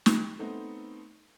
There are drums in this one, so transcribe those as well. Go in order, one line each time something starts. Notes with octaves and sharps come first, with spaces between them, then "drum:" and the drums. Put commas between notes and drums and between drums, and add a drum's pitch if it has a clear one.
G4, drum: snare
A3 B3 C4 D#4